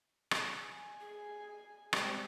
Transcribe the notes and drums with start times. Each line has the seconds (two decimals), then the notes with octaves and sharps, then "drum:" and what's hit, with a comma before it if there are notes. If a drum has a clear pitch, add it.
0.31 drum: rim click
0.63 G#5
1.01 G#4
1.93 G3 G#3 C4, drum: rim click